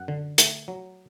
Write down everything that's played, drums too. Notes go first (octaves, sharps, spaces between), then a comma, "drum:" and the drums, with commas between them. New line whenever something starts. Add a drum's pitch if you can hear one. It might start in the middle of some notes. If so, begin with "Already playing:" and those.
Already playing: F#2 F#5
D3
A3, drum: hi-hat
F#3